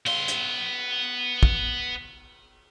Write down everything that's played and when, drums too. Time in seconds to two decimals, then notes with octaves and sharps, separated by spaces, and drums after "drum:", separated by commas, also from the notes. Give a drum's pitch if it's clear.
0.06 B3 C6, drum: cymbal
0.28 drum: hi-hat
1.43 drum: kick